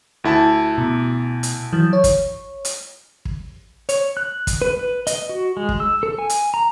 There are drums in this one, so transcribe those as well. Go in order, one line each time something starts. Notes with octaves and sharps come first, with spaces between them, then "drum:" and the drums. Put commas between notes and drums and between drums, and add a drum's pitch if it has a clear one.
D2 E4 A5
B2
drum: hi-hat
E3 F#3
C#5
drum: kick, hi-hat
drum: hi-hat
drum: kick
C#5, drum: hi-hat
F#6
drum: kick, hi-hat
B4
B4
D#5, drum: hi-hat
F#4
G#3
drum: kick
E6
A4
G#5
drum: hi-hat
A#5